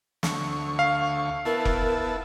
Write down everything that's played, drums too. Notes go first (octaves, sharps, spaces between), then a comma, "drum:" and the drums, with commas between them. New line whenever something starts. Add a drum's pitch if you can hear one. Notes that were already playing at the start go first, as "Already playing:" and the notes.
D2 C#6, drum: snare
F5
B3 E4 A#4 A5
drum: kick F1